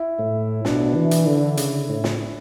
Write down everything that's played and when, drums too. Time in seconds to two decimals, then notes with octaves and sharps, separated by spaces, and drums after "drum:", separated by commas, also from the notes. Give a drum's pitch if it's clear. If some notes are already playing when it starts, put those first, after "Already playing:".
Already playing: E4
0.19 A2
0.65 B2 D4, drum: snare
0.95 E3
1.11 drum: hi-hat
1.26 D3
1.57 C#3, drum: hi-hat
1.89 A2
2.04 drum: snare